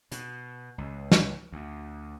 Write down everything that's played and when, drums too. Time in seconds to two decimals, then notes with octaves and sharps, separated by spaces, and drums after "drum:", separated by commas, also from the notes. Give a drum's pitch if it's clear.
0.12 B2, drum: hi-hat
0.78 C#2
1.11 drum: snare
1.52 D2